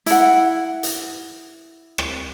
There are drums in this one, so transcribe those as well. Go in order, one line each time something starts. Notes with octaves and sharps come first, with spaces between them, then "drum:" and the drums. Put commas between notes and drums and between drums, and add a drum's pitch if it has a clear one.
E4 F#5, drum: hi-hat
drum: hi-hat
drum: rim click